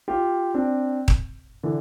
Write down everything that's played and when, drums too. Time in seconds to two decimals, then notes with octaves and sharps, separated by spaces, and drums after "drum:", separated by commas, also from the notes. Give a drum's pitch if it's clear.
0.08 F4 G4
0.54 C4 D4
1.08 drum: kick D#1
1.63 D3 E3